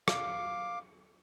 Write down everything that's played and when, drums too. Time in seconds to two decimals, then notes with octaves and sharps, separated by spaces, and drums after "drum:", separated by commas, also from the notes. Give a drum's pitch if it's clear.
0.08 F5 D6, drum: rim click